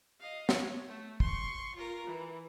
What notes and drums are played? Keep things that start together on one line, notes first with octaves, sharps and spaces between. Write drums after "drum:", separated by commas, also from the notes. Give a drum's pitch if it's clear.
D#5 F5
C#5, drum: snare
A3
C6 C#6, drum: kick
F4 A#4
E3